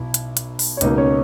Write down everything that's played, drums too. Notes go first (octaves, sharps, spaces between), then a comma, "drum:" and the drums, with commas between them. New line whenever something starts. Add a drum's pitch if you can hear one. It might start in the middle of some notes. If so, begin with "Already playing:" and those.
Already playing: B1 B2 E4
drum: hi-hat
drum: hi-hat
drum: open hi-hat
C#5
C#2 B2 A#3 D#4 D#5, drum: hi-hat
C#4 C#5